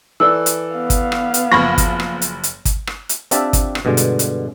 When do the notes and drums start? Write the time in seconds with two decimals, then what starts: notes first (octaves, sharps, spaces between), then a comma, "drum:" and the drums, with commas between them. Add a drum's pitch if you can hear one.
0.20 E3 A4 D5 E6
0.46 drum: hi-hat
0.74 B3 F5
0.90 drum: kick, hi-hat
1.12 drum: rim click
1.34 drum: hi-hat
1.52 F#1 F3 B5 C#6 G#6 A#6
1.78 drum: kick, hi-hat
2.00 drum: rim click
2.22 drum: hi-hat
2.43 drum: hi-hat
2.65 drum: kick, hi-hat
2.87 drum: rim click
3.09 drum: hi-hat
3.31 C4 D4 F4 G4 E5 A5, drum: hi-hat
3.53 drum: kick, hi-hat
3.75 drum: rim click
3.85 G2 B2 D3 G#3
3.97 drum: hi-hat
4.19 drum: hi-hat